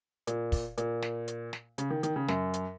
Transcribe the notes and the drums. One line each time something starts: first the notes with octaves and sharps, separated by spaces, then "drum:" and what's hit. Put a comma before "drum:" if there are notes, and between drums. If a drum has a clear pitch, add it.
A#2, drum: hi-hat
drum: kick, open hi-hat
A#2, drum: hi-hat
drum: snare
drum: hi-hat
drum: snare
C#3, drum: hi-hat
D#3
D#3, drum: hi-hat
C#3
F#2, drum: snare
drum: hi-hat